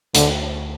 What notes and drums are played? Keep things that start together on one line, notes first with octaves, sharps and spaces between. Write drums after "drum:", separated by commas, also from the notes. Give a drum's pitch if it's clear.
D2 D3, drum: hi-hat